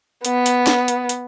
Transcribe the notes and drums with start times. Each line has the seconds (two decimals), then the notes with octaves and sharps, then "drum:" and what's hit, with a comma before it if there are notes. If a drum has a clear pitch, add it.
0.25 B3, drum: hi-hat
0.46 drum: hi-hat
0.67 drum: snare
0.88 drum: hi-hat
1.09 drum: hi-hat